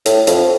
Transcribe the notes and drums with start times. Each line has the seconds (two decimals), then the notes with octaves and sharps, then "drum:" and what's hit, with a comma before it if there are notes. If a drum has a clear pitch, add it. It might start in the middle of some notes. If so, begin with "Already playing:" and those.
0.06 A2, drum: hi-hat
0.27 F2, drum: hi-hat